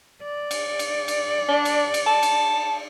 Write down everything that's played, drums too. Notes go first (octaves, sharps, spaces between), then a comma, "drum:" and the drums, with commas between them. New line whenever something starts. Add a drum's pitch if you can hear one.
D5
drum: cymbal
drum: cymbal
drum: cymbal
D4
drum: cymbal
drum: cymbal
A5
drum: cymbal